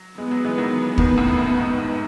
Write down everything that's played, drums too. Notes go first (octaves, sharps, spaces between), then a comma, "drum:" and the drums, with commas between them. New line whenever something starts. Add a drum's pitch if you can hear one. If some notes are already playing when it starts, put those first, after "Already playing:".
Already playing: F#3
G#3 B3
F#3
E3 G#3
D#3 F#3
B2 D#3 B3, drum: kick
F#2 A2
F#2
G#2
G#2 B2